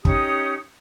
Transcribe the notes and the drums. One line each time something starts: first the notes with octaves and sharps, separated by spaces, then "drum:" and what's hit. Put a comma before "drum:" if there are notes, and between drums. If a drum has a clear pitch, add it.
C#4 D#4 G4 D#6, drum: kick